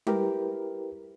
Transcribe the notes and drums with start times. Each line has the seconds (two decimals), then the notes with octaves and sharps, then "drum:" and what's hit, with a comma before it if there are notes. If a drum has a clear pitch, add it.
0.07 E4 G4 A#4 B4, drum: tom G3